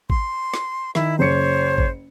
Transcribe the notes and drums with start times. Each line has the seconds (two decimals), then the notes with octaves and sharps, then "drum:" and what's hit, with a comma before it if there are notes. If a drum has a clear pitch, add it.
0.10 C6, drum: kick G#1
0.54 drum: snare
0.95 D#3 E4, drum: snare
1.19 F#1 C5 C#5 C#7
1.78 drum: kick G#1